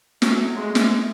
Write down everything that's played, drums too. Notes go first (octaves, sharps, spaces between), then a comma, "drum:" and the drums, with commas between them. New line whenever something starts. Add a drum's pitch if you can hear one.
F#3 A3, drum: snare
G#3
drum: snare